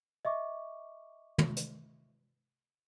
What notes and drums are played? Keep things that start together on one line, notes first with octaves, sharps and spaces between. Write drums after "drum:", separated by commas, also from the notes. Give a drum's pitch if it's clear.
D#5 E5 C#6 D6
drum: tom
drum: hi-hat